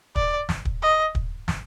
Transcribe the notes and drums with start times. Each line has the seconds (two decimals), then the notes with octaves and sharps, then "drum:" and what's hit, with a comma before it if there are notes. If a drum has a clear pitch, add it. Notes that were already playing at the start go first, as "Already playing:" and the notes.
0.16 D5, drum: kick
0.49 drum: snare
0.65 drum: kick
0.82 D#5
1.15 drum: kick
1.48 drum: snare